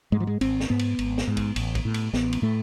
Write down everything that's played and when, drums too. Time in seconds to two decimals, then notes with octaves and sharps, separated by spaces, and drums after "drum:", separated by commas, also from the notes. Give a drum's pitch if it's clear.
0.12 G#2 G#3
0.20 F3
0.27 G#3
0.41 G#1 C4, drum: cymbal
0.60 drum: snare
0.70 G#2 B3
0.79 drum: cymbal
0.99 G#1, drum: cymbal
1.18 drum: snare
1.27 G#2
1.37 drum: kick, cymbal
1.56 A1, drum: cymbal
1.75 drum: kick, cymbal
1.85 A2
1.94 drum: cymbal
2.13 A1 B3, drum: snare
2.33 drum: cymbal
2.42 A2 A3